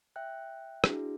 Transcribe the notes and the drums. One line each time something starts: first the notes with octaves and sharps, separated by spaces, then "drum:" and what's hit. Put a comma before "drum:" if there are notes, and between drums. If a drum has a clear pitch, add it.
E5 G5 F#6
D4 E4 F#4 G#4, drum: rim click